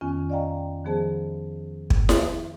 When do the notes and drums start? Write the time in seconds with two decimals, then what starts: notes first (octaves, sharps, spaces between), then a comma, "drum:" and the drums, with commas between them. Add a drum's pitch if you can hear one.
0.01 F2 D#3 B3 C#4 F4 G#5
0.30 D5 D#5 F5 G5 A#5
0.85 D#3 F3 B3 G#4 C5 A5
1.90 drum: kick
2.09 drum: snare E4